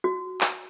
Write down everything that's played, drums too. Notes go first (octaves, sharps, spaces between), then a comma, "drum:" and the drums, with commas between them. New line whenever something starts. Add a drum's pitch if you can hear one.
F#4
drum: clap